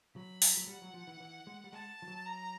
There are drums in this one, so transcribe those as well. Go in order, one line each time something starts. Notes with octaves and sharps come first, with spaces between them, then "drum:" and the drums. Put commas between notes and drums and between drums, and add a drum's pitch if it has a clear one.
F#3 B5
drum: open hi-hat
F#3
G3 F#5
F#3
F3
E3
E3
G#3
G3
G#3 A5
F3
F#3
A#5